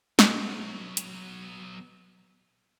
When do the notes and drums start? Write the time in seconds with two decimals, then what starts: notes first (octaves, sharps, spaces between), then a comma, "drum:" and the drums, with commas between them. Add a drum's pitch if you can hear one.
0.19 F#3 B3, drum: snare
0.97 drum: hi-hat